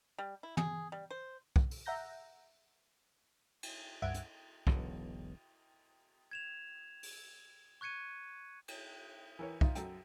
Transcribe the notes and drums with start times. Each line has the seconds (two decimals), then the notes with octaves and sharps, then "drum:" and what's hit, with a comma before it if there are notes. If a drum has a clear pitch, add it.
0.18 G3
0.43 E4
0.57 G#4, drum: tom
0.92 G3
1.11 C5
1.56 drum: kick
1.71 drum: open hi-hat
1.86 E5 F#5 A#5 G6 A#6
3.63 drum: cymbal
4.02 C#2 G2 E5 F#5 G#6 D7
4.14 drum: hi-hat
4.67 E1 B1 A2 D3, drum: kick
6.31 G#6 E7 F7
7.03 drum: open hi-hat
7.81 C#6 F#6 G#6 C#7 D#7
8.68 drum: cymbal
9.39 E3 A#4 C#5
9.61 D#4 F4 E5, drum: kick
9.75 F#2 A4 G5, drum: hi-hat